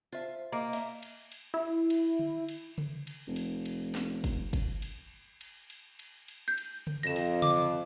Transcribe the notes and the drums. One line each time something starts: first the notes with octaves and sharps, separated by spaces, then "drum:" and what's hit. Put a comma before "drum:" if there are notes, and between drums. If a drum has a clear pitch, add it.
F4 C5 E5
A#3 D#5
E5, drum: cymbal
drum: cymbal
drum: cymbal
E4
drum: cymbal
drum: tom D3
drum: cymbal
drum: tom C#3
drum: cymbal
F1
drum: cymbal
drum: cymbal
drum: snare
drum: kick, cymbal
drum: kick, cymbal
drum: cymbal
drum: cymbal
drum: cymbal
drum: cymbal
drum: cymbal
G6
drum: cymbal
drum: tom C#3
F2 A#6 E7
drum: cymbal
D6, drum: tom C#3